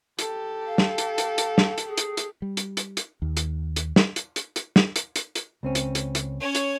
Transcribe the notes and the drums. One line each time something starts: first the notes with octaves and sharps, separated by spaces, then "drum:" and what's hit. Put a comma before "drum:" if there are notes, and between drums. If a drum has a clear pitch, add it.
G4 A4, drum: hi-hat
F5
drum: snare
drum: hi-hat
drum: hi-hat
drum: hi-hat
drum: snare
drum: hi-hat
G#4
drum: hi-hat
drum: hi-hat
G3
drum: hi-hat
drum: hi-hat
drum: hi-hat
D#2
drum: hi-hat
drum: hi-hat
drum: snare
drum: hi-hat
drum: hi-hat
drum: hi-hat
drum: snare
drum: hi-hat
drum: hi-hat
drum: hi-hat
C#2 C4 C#4
drum: hi-hat
drum: hi-hat
drum: hi-hat
C#4 C#5
drum: hi-hat